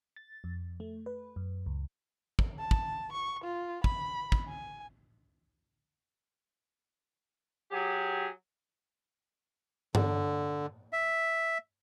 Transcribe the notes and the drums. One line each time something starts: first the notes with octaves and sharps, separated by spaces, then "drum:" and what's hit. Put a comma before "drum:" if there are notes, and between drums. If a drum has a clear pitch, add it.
A6
F2
A3
B4
F#2
C#2
drum: kick
A5
drum: kick
C#6
F4
B5, drum: kick
drum: kick
G#5
F#3 G4 G#4
D3, drum: tom G2
E5